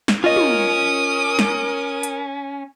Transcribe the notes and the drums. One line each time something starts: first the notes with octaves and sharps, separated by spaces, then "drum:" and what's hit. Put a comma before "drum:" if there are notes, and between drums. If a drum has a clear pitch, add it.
drum: snare
C#4 F4 A#4 D#5 D#6
drum: tom
drum: snare
drum: hi-hat